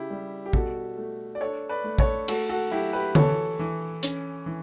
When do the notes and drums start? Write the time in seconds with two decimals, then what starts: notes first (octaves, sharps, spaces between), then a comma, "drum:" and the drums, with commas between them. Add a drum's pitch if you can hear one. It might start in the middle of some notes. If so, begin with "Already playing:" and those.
Already playing: C#3 E4 G4
0.10 G3
0.46 G4
0.53 B2 F#4 A4, drum: kick
0.97 A3
1.35 D5
1.41 D4 A4 C#5
1.69 B4 D5
1.84 A3
1.98 A4 C#5, drum: kick
2.28 A3 F#4 A4, drum: cymbal
2.49 F#4 A4
2.71 F#3 E4 G4
2.93 G4 B4
3.15 E3 A4 C#5, drum: tom D3
3.59 E3
4.03 C#4, drum: hi-hat
4.46 E3